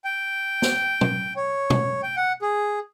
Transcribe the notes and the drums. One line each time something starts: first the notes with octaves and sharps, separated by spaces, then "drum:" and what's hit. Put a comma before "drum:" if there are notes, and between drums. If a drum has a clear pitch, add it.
G5
drum: snare
drum: tom B2
C#5
drum: tom B2
G5
F#5
G#4